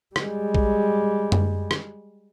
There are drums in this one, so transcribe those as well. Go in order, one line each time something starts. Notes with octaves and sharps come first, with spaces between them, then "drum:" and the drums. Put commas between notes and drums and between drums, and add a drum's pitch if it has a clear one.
G3 G#3, drum: rim click
drum: kick A#1
drum: tom F#2
drum: rim click